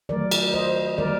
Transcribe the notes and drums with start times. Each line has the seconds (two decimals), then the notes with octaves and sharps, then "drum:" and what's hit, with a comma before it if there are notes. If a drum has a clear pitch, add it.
0.09 D#3 F#3 A3 A#4 D5
0.31 drum: cymbal
0.54 C5 D#5
0.98 D#3 G3 A#3 A#4 D5